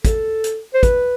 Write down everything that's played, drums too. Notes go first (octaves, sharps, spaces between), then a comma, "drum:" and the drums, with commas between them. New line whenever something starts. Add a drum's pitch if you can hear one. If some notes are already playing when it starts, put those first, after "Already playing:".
A4, drum: kick, hi-hat
drum: hi-hat
C5
B4, drum: kick, hi-hat